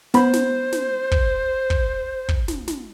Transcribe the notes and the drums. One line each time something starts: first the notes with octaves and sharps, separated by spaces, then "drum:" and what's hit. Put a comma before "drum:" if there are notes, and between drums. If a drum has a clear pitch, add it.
B3 C5 B5, drum: snare
drum: snare
drum: snare
drum: kick
drum: kick
drum: kick
drum: snare
drum: snare